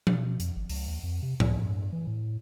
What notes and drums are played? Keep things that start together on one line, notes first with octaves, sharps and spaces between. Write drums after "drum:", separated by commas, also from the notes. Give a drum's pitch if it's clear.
B2, drum: tom F3
F2, drum: hi-hat
G#1
C#2, drum: open hi-hat
D#2
F2
C3
C#2, drum: tom A2
G2
E3
A2